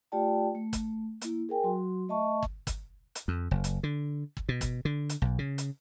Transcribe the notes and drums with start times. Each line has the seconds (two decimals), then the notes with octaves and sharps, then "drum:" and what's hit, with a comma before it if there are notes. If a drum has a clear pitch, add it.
0.12 A3 F4 G4 D5 G5 A5
0.55 A3
0.73 drum: kick, hi-hat
1.21 A#3 E4, drum: hi-hat
1.49 G#4 A#4 G5 G#5
1.64 F#3 F#4 C6
2.09 A3 D#5 E5 A5 C#6
2.43 drum: kick
2.67 drum: kick, hi-hat
3.15 drum: hi-hat
3.28 F2
3.51 F#1
3.64 drum: hi-hat
3.83 D3
4.37 drum: kick
4.49 B2
4.61 drum: kick, hi-hat
4.85 D3
5.09 drum: hi-hat
5.22 B1
5.39 C#3
5.58 drum: hi-hat